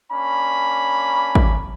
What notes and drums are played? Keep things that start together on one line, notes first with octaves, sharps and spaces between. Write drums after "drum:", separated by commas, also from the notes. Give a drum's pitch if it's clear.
A#3 C#4 D4 B5
drum: kick